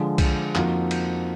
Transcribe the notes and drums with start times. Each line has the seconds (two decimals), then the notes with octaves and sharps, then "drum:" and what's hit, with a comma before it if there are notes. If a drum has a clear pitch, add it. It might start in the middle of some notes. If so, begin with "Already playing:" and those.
Already playing: D3 F3 G#3
0.18 drum: kick B1, cymbal
0.55 F2 F3 A#3 D#4 F#4, drum: clap
0.91 drum: cymbal